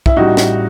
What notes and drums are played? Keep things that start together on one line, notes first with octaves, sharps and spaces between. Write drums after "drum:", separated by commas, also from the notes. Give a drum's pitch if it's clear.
E4, drum: kick
A1 A2 G3 D#4 F#4
drum: snare